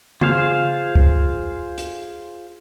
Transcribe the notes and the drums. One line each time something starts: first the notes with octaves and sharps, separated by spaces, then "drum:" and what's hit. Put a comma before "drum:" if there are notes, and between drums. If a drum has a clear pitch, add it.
F4 G#4 C5 F5, drum: tom C#3
drum: kick
drum: hi-hat